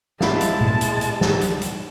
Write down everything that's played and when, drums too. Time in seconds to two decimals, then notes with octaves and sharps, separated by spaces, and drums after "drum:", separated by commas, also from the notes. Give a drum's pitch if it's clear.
0.21 G#3 E4 F5 A5, drum: snare
0.41 drum: hi-hat
0.61 drum: tom A#2
0.81 drum: hi-hat
1.01 drum: hi-hat
1.21 drum: snare
1.41 drum: hi-hat
1.62 drum: hi-hat